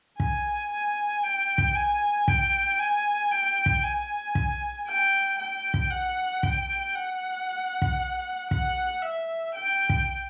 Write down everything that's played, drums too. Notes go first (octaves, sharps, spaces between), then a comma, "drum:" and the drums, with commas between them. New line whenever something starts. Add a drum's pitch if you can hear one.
G#5, drum: kick
G#5
G5
drum: kick
G#5
G5, drum: kick
G#5
G5
drum: kick
G#5
drum: kick
G5
G5
drum: kick
F#5
G5, drum: kick
F#5
drum: kick
F#5, drum: kick
E5
G5
drum: kick